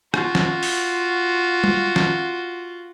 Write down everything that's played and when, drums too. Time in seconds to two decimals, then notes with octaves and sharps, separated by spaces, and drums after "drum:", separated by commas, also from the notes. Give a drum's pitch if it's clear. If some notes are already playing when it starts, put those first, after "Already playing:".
0.14 F4 F#4, drum: rim click
0.35 drum: snare
0.63 drum: open hi-hat
1.64 drum: tom G3
1.96 drum: snare